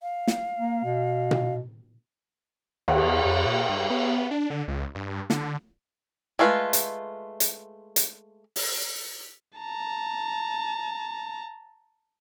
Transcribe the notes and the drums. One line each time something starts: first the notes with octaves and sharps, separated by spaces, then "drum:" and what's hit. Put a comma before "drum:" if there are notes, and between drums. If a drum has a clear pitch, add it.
F5
drum: snare
A#3
B2
drum: tom A#2
D#2, drum: cymbal
E2
F2
A#2
G2
B3
D4
D3
C#2
G2
D3, drum: snare
G#3 A3 F4 B4
drum: hi-hat
drum: hi-hat
drum: hi-hat
drum: open hi-hat
A5 A#5